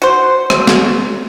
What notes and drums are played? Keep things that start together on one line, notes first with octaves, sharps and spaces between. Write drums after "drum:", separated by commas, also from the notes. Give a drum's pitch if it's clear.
F#4 C5
drum: rim click
drum: snare